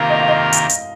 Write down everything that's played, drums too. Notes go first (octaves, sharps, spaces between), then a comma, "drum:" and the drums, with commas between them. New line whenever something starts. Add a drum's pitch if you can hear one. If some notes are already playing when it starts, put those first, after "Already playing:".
Already playing: C3 D#3 A#3 F4 A#4 F5
D#5
F5
D#5
drum: hi-hat
drum: hi-hat